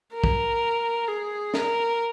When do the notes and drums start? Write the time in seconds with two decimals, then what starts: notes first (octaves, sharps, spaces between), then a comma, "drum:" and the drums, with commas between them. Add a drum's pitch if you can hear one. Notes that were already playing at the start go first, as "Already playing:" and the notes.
0.14 A#4
0.24 drum: kick
1.08 G#4
1.54 A#4, drum: snare